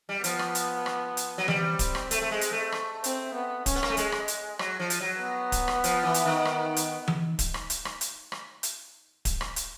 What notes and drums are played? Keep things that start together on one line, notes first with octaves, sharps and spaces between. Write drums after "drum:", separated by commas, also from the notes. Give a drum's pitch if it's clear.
G3
F3 B3, drum: hi-hat
drum: rim click
drum: hi-hat
drum: rim click
drum: hi-hat
F#3
G3 C4, drum: tom E3
drum: kick D1, hi-hat
drum: rim click
A3, drum: hi-hat
A3
G#3
drum: hi-hat
A3
drum: rim click
C4, drum: hi-hat
B3
C#4, drum: kick D1, hi-hat
B3
A#3, drum: rim click
A3
G#3, drum: hi-hat
drum: rim click
drum: hi-hat
F#3, drum: rim click
F3
drum: hi-hat
F#3
B3
drum: kick D1, hi-hat
drum: rim click
F3, drum: hi-hat
E3
drum: hi-hat
D#3
drum: rim click
drum: hi-hat
drum: tom E3
drum: kick D1, hi-hat
drum: rim click
drum: hi-hat
drum: rim click
drum: hi-hat
drum: rim click
drum: hi-hat
drum: kick D1, hi-hat
drum: rim click
drum: hi-hat